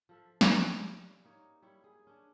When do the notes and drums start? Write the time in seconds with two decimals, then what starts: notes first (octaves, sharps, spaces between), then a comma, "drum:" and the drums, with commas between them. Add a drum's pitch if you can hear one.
0.09 F3 A4 E5
0.41 drum: snare
0.65 G3 C#4 E4
1.25 A#3 D#4 C#5
1.62 G3 E4 C#5
1.84 G#4
2.07 C#4 D4